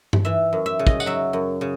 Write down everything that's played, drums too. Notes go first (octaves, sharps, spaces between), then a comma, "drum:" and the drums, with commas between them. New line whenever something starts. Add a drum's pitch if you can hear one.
drum: tom G2
E3 E5
F#2
E5
C#3
D#5, drum: kick
F#5, drum: tambourine
F#3 E5
F#2
C#3